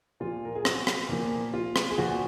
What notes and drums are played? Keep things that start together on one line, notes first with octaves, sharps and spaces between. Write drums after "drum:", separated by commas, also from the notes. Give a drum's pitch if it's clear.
A#2 F3 F4
A#4
G#4
F#4, drum: rim click
drum: rim click
A#2 F3 A#3
F4
drum: rim click
G#4
A#2 F3 F#4